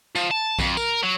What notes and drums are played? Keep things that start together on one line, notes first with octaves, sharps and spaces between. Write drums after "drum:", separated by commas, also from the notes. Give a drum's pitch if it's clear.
F3, drum: tambourine
A5
F2, drum: kick A#1, tambourine
A#4, drum: tambourine
F#3